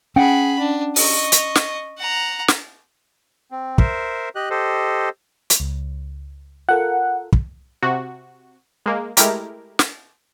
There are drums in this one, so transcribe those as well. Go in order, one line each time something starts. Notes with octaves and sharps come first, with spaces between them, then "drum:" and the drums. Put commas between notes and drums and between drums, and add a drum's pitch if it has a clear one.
C#4 G#4 F#5 G5 B5
D4
D#5 C#6, drum: open hi-hat
drum: hi-hat
drum: snare
F#5 A#5
drum: snare
C4
A#4 C5 E5, drum: kick
G4 D#5 F#6
G4 A4 C5 D#5
drum: hi-hat
C#2
F4 A4 A#4 F#5
drum: kick
C3 F#4
G#3 A#3
G#3 A3 E4 G4 A#4, drum: hi-hat
drum: snare